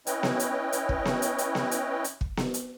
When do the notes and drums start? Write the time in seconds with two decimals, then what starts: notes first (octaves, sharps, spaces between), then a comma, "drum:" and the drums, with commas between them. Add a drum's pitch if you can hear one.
0.07 C#4 E4 B4 C#5 D#5 G5, drum: hi-hat
0.23 drum: snare B3
0.40 drum: hi-hat
0.72 drum: hi-hat
0.89 drum: kick
1.05 drum: snare B3
1.22 drum: hi-hat
1.38 drum: hi-hat
1.55 drum: snare B3
1.71 drum: hi-hat
2.04 drum: hi-hat
2.21 drum: kick
2.37 drum: snare B3
2.54 drum: hi-hat